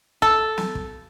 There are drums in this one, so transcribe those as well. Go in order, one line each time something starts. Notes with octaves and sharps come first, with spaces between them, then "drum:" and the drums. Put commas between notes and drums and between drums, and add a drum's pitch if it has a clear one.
A4, drum: kick
drum: snare
drum: kick